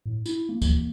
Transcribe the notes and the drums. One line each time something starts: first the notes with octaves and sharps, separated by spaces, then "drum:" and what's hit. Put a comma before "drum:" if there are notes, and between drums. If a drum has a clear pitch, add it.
A2
E4, drum: tambourine
A#3
drum: kick, tambourine